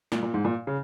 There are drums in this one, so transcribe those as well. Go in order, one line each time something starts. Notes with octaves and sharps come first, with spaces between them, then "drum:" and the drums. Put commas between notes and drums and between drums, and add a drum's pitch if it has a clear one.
A#2, drum: snare
A#2
G#2
A#2
C#3